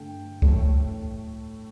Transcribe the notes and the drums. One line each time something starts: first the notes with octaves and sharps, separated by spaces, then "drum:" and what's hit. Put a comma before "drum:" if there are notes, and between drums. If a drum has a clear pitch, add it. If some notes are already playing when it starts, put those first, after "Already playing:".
Already playing: G2 D3 A3 G5
A2 A3, drum: kick